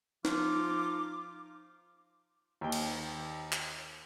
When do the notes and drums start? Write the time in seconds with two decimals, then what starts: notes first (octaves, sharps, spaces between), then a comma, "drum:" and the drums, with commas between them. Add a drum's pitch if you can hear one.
0.25 F3 D#4 F4 D6, drum: snare
2.61 D#2 G5
2.72 drum: cymbal
3.52 drum: clap